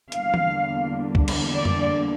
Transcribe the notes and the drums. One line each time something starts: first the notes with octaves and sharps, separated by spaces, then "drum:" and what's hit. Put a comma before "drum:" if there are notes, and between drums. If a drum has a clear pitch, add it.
E2 D3 G3 A#3 D4 F5, drum: hi-hat
drum: tom E3
drum: kick
drum: cymbal
D5
drum: tom F2